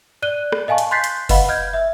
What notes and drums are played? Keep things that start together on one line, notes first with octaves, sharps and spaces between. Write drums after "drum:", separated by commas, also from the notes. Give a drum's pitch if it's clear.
D5 F#6 D#7 G7
drum: rim click
D#5 F5 G#5 A5 C#6
drum: hi-hat
C6 F#6 G6 A6 B6 C7
drum: hi-hat
B4 D#5 F5 F#5 B5, drum: kick F#1, open hi-hat
D#5 F6 G6 G#6
E5